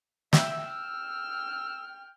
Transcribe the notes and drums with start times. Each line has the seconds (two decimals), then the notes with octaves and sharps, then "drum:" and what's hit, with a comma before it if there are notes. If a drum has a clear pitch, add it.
0.33 E5 G5 E6, drum: snare
0.62 G5 F6